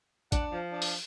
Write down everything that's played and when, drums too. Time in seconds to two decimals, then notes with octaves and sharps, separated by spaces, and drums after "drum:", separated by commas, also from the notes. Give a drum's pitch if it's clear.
0.32 D4 F#5, drum: kick, hi-hat
0.52 F3
0.72 D4
0.82 drum: open hi-hat